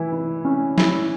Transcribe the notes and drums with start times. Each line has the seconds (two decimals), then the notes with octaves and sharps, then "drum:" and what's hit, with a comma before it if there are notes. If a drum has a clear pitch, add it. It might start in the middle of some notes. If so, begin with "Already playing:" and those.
Already playing: E3 E4
0.12 E4
0.45 C#4
0.78 E4, drum: snare